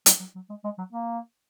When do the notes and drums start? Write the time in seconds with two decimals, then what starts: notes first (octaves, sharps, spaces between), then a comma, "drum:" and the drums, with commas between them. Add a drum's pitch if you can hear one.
0.06 F#3, drum: hi-hat
0.20 F#3
0.35 F#3
0.49 G#3
0.64 G#3
0.78 F#3
0.92 A#3